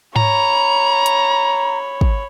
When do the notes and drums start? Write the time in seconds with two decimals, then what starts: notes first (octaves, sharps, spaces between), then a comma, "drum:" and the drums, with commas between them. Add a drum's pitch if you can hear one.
0.16 C#5 A#5 B5, drum: tom G#2
1.06 drum: hi-hat
2.01 drum: kick